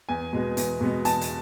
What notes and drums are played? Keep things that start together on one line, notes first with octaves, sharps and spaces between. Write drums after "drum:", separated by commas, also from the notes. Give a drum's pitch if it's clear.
E2 G#5
B2 G#3 B3
E2, drum: hi-hat
B2 G#3 B3
E2 A5, drum: hi-hat
drum: hi-hat